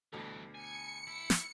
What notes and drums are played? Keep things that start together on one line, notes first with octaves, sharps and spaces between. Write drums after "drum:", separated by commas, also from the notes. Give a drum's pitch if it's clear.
D2 G2 B2 E3 A4
G#5 C#7
E4
drum: snare